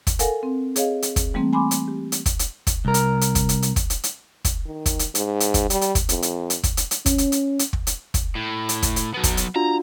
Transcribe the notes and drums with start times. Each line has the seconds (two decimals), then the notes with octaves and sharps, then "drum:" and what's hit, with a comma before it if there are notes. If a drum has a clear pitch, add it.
0.07 drum: kick, hi-hat
0.19 A4 A#4 F5 F#5 G#5, drum: hi-hat
0.43 C4
0.76 G#4 C#5 D#5 F5, drum: hi-hat
1.02 drum: hi-hat
1.16 drum: kick, hi-hat
1.34 E3 G3 A3 A#3 C4
1.53 G#5 B5 C6 D6
1.71 drum: hi-hat
1.88 G4
2.12 drum: hi-hat
2.26 drum: kick, hi-hat
2.39 drum: hi-hat
2.67 drum: kick, hi-hat
2.85 C2 A#4
2.94 drum: hi-hat
3.21 drum: hi-hat
3.35 drum: kick, hi-hat
3.49 drum: hi-hat
3.62 drum: hi-hat
3.76 drum: kick, hi-hat
3.90 drum: hi-hat
4.04 drum: hi-hat
4.45 drum: kick, hi-hat
4.65 D#3
4.86 drum: kick, hi-hat
4.99 drum: hi-hat
5.15 G#2, drum: hi-hat
5.40 drum: hi-hat
5.54 drum: kick, hi-hat
5.70 G3, drum: hi-hat
5.81 drum: hi-hat
5.95 drum: kick, hi-hat
6.09 F2, drum: hi-hat
6.22 drum: hi-hat
6.50 drum: hi-hat
6.64 drum: kick, hi-hat
6.77 drum: hi-hat
6.91 drum: hi-hat
7.06 C#4, drum: kick, hi-hat
7.18 drum: hi-hat
7.32 drum: hi-hat
7.59 drum: hi-hat
7.73 drum: kick
7.87 drum: hi-hat
8.14 drum: kick, hi-hat
8.35 A2
8.69 drum: hi-hat
8.82 drum: kick, hi-hat
8.96 drum: hi-hat
9.14 F#3 B3
9.23 drum: kick, hi-hat
9.37 drum: hi-hat
9.56 D4 F4 F#4 A#5